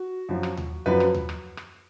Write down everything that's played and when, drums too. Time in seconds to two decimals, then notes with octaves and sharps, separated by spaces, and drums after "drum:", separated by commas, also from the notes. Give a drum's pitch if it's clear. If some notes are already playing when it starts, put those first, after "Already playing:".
Already playing: F#4
0.29 F#2 F3
0.43 drum: rim click
0.57 drum: tom D#2
0.86 F#2 F3 B4
1.00 drum: rim click
1.14 drum: tom D#2
1.29 drum: rim click
1.57 drum: rim click